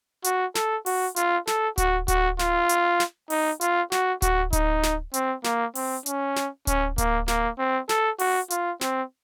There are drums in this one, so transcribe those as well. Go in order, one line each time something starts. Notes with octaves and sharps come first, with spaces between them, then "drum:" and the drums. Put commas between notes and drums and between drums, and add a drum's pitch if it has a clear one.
F#4, drum: hi-hat
A4, drum: snare
F#4, drum: open hi-hat
F4, drum: hi-hat
A4, drum: snare
F#4, drum: kick D1, hi-hat
F#4, drum: kick D1, hi-hat
F4, drum: snare
drum: hi-hat
drum: snare
D#4, drum: open hi-hat
F4, drum: hi-hat
F#4, drum: snare
F#4, drum: kick D1, hi-hat
D#4, drum: kick D1, hi-hat
drum: snare
C4, drum: hi-hat
A#3, drum: snare
C4, drum: open hi-hat
C#4, drum: hi-hat
drum: snare
C#4, drum: kick D1, hi-hat
A#3, drum: kick D1, hi-hat
A#3, drum: snare
C4
A4, drum: snare
F#4, drum: open hi-hat
F4, drum: hi-hat
C4, drum: snare